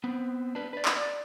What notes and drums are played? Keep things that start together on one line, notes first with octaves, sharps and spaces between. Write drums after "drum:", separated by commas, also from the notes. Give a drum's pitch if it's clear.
B3 C4
D4 B4
B4 D5
drum: clap
D5